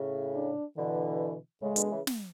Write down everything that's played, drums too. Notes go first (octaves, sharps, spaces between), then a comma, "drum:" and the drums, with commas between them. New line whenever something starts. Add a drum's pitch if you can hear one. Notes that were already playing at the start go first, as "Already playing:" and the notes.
Already playing: A2 C#3
D4
B2 D3 E3
A2 C#3 G#3
B2 D3, drum: hi-hat
C#3 E3
drum: snare